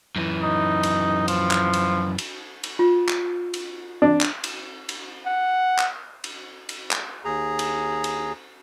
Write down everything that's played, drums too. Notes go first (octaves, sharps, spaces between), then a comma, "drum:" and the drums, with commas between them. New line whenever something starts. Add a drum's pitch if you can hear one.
F#2 E3
D#4
drum: cymbal
F3, drum: cymbal
drum: clap
drum: cymbal
drum: cymbal
drum: cymbal
F4
drum: clap
drum: cymbal
D4
drum: clap
drum: cymbal
drum: cymbal
F#5
drum: clap
drum: cymbal
drum: cymbal
drum: clap
D#2 G#4 A#5
drum: cymbal
drum: cymbal